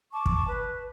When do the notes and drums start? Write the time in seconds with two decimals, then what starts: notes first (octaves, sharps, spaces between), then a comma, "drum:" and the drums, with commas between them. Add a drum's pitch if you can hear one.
0.12 A5 C#6 D6
0.26 drum: kick
0.48 B4